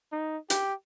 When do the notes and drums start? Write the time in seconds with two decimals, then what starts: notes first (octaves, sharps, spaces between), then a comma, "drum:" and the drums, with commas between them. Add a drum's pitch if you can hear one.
0.12 D#4
0.50 G4, drum: hi-hat